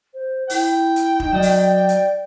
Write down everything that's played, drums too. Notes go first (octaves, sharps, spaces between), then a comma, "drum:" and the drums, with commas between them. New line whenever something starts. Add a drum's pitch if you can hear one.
C5
E4 G5, drum: open hi-hat
drum: hi-hat
D#4, drum: kick
F#3 D5 D#5
drum: open hi-hat
drum: hi-hat